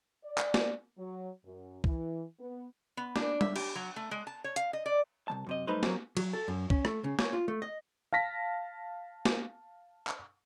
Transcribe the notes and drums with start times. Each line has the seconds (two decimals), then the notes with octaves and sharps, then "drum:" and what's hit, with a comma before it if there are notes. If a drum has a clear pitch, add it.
0.23 D5
0.38 drum: clap
0.54 drum: snare
0.97 F#3
1.44 F#2
1.84 E3, drum: kick C2
2.40 B3
2.97 B3
3.16 D4, drum: snare
3.41 E5, drum: tom G3
3.56 G4, drum: cymbal
3.75 F#3
3.96 A3
4.11 G#3
4.27 A5
4.44 C#5
4.56 F5, drum: hi-hat
4.73 D#5
4.86 D5
5.28 C2 G#3 A5
5.47 F#2 C3 D#5
5.67 F#2 G3 A3 D#4 B4 C5
5.83 F#3 A#3 C4, drum: snare
6.17 F#3, drum: cymbal
6.33 A4
6.48 F#2
6.70 C#4, drum: kick C2
6.85 A3, drum: rim click
7.04 C#3
7.19 C#5, drum: snare
7.33 F4
7.48 A3
7.62 D#5
8.13 F5 A5 A#6 B6
9.25 drum: snare
10.07 drum: clap